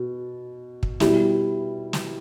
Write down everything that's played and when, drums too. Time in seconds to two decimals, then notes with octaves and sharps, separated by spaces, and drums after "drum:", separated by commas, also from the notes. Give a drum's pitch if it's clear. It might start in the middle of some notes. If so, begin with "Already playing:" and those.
Already playing: B2
0.83 drum: kick
1.00 B2 G3 E4, drum: snare
1.93 drum: snare